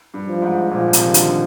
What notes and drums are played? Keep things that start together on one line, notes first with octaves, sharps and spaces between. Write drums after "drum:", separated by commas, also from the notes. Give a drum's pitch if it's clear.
G2
F3
G#2
A#2 F3
C3, drum: hi-hat
D#3
D3, drum: hi-hat